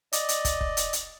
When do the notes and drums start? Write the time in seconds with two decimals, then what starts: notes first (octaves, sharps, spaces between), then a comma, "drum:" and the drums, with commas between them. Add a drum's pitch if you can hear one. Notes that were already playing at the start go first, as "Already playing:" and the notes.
0.13 D5 D#5, drum: hi-hat
0.29 drum: hi-hat
0.45 drum: kick, hi-hat
0.61 drum: kick
0.77 drum: hi-hat
0.93 drum: hi-hat